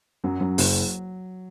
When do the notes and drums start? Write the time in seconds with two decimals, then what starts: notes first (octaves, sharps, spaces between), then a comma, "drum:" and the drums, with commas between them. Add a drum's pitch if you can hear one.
0.24 F#2 F#3
0.40 F#2
0.58 F#1, drum: open hi-hat